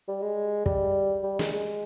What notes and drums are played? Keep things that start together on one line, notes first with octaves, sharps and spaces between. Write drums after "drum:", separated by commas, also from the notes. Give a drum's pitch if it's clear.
G3
G#3
G3, drum: kick
G3
G#3, drum: snare
G#3